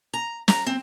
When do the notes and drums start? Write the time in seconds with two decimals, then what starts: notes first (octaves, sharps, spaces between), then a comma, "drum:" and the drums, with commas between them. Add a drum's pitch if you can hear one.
0.14 A#5
0.48 A#5, drum: snare
0.66 C4